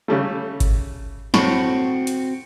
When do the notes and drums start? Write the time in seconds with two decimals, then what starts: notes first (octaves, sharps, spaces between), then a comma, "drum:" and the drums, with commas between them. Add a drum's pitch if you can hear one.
0.08 C#3 G3 A3
0.60 drum: kick G1, hi-hat
1.34 A2 C4 F#4 B5 C#6, drum: snare
2.07 drum: hi-hat